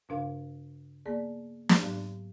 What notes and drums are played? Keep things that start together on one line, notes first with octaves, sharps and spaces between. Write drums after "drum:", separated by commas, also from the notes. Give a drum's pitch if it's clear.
G2 C#3 D4 A#4 F5
A#3 B3 G#4 D5
drum: snare
G#2 F#3 B3 G4